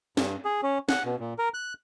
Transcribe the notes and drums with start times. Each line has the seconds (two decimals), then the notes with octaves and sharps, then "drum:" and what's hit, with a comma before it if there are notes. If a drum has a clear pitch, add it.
0.17 G2, drum: snare
0.45 G#4
0.63 C#4
0.89 F#5, drum: snare
1.05 B2
1.20 A#2
1.39 A#4
1.54 F#6